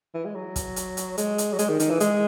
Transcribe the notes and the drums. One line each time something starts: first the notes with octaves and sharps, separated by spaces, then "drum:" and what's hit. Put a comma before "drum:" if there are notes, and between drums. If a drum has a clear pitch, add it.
E3
G#3
F#3
drum: kick, hi-hat
drum: hi-hat
drum: hi-hat
G#3, drum: hi-hat
drum: hi-hat
F#3
G#3, drum: hi-hat
D#3
D#3, drum: hi-hat
E3
G#3, drum: hi-hat